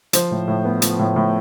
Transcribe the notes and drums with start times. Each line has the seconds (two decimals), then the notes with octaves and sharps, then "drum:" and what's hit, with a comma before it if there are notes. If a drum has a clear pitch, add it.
0.13 F3 C5, drum: hi-hat
0.31 A2
0.48 A2
0.65 B3
0.82 F3, drum: hi-hat
0.99 A2
1.16 A2